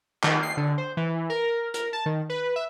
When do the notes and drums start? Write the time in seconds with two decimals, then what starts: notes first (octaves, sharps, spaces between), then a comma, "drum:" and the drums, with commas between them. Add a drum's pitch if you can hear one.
0.24 D#3, drum: clap
0.43 C7
0.57 D3
0.78 C5
0.97 E3
1.30 A#4
1.74 A#4, drum: hi-hat
1.93 A5
2.06 D#3
2.29 B4
2.56 E5